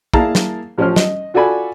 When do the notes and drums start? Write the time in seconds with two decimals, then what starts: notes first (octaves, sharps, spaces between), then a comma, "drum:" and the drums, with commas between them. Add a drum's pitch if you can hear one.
0.14 A#3 E4 G#4 F5 A5 A#5, drum: kick
0.35 drum: snare
0.78 A1 F3 C#4 C5 F6
0.96 D#5, drum: snare
1.34 F4 F#4 A4 D5 G#5 B5